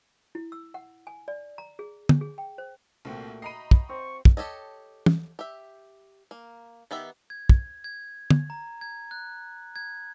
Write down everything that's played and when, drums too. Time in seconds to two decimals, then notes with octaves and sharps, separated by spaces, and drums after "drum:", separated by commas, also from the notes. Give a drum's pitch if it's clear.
0.35 E4
0.52 E6
0.74 F#5
1.07 G#5
1.28 D5
1.58 A#5
1.79 G#4
2.09 drum: tom
2.21 G#4
2.38 G5
2.58 C5
3.05 C2 A#2 A3 A#3 C4 F#4 E5 G5
3.42 D#5 A#5 B5 C7 D#7
3.71 drum: kick
3.89 C4 C5 C#6
4.25 drum: kick
4.37 G4 A4 C#5 D#5
5.06 drum: tom
5.39 G4 E5
6.31 A#3
6.91 D#3 B3 G4 E5
7.30 G#6
7.49 drum: kick
7.84 G#6
8.30 drum: tom
8.50 A#5
8.81 G#6
9.11 F#6
9.76 G#6